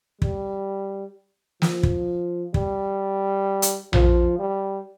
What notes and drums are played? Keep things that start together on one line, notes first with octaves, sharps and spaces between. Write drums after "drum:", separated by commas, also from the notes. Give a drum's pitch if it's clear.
G3, drum: kick
F3, drum: snare
drum: kick
G3, drum: kick
drum: hi-hat
F3, drum: tom A#1
G3